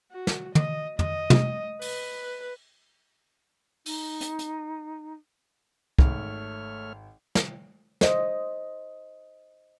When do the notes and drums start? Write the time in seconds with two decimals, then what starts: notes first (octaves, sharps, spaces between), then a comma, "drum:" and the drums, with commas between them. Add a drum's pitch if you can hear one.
0.12 F#4
0.27 drum: snare
0.55 D#5, drum: tom
0.99 D#5, drum: tom
1.30 drum: tom
1.82 B4, drum: open hi-hat
3.86 D#4, drum: open hi-hat
4.21 drum: hi-hat
4.39 drum: hi-hat
5.99 G#1 A3 C#5 F6, drum: kick
7.35 drum: snare
8.01 C5 D#5, drum: snare